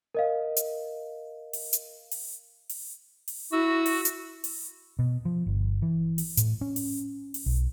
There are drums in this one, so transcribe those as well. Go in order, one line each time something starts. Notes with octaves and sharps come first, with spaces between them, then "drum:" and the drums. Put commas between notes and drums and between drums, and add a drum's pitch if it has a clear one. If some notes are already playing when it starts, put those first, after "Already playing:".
A#4 D#5 F5
drum: hi-hat
drum: open hi-hat
drum: hi-hat
drum: open hi-hat
drum: open hi-hat
drum: open hi-hat
E4 F#4 E6
drum: open hi-hat
drum: hi-hat
drum: open hi-hat
B2
F3
G1
E3
drum: open hi-hat
A2, drum: hi-hat
C#4
drum: open hi-hat
drum: open hi-hat
B1